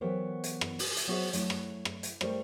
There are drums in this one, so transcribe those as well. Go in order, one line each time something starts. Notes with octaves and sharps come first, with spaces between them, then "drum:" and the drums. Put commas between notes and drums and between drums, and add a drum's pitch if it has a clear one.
E3 F#3 B3 G4 A#4 C5
drum: hi-hat
drum: rim click
drum: open hi-hat
drum: hi-hat
F#3 B3 F#4 G#4 C5 E5
F#3 A3 E4, drum: hi-hat
drum: rim click
drum: rim click
drum: hi-hat
G3 A3 G4 A#4 C5 D5, drum: rim click